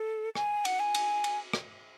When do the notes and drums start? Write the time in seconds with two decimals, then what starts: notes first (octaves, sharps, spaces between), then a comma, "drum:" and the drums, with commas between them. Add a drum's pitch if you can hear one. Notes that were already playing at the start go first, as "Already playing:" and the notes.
Already playing: A4
0.35 G#5, drum: rim click
0.65 F#5, drum: cymbal
0.80 G#5
0.95 drum: cymbal
1.24 drum: cymbal
1.53 drum: rim click